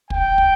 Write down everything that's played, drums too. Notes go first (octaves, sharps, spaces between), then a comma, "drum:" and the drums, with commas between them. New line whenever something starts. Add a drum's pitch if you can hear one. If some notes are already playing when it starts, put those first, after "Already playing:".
G5, drum: kick
drum: kick